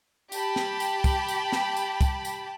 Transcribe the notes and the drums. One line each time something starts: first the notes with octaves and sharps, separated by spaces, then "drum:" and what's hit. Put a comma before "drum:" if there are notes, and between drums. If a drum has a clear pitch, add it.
G4 G5 A5 B5, drum: tambourine
drum: snare
drum: tambourine
drum: kick, tambourine
drum: tambourine
drum: snare
drum: tambourine
drum: kick, tambourine
drum: tambourine